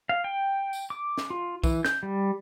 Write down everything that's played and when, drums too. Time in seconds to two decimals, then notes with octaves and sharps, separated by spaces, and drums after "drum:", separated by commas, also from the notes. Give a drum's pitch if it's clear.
0.09 F5
0.24 G5
0.73 drum: tambourine
0.90 D6
1.18 drum: snare
1.30 F4
1.64 E3, drum: kick B1, tambourine
1.85 G6, drum: snare
2.03 G3